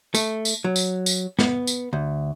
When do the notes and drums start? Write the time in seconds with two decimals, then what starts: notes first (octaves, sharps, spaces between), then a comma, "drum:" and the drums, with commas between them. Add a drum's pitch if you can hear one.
0.15 A3, drum: tambourine
0.45 drum: tambourine
0.64 F#3
0.76 drum: tambourine
1.06 drum: tambourine
1.39 B3, drum: snare
1.67 drum: tambourine
1.93 D2